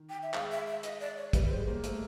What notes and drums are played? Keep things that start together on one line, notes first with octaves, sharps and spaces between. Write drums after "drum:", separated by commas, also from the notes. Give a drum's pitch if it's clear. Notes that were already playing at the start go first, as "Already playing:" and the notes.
Already playing: D#3
G5
E5
G#3 F5, drum: clap
E5
E5
D#5, drum: hi-hat
D5
C#5
G3 B4, drum: kick, hi-hat
B4
G#3 C5
A#3 C5
A3 C5, drum: hi-hat